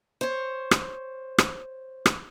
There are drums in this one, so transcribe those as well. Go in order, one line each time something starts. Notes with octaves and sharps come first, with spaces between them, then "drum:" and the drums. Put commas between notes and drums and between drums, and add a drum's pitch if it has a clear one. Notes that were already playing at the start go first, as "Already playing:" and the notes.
C5 C#5
drum: rim click
drum: rim click
drum: rim click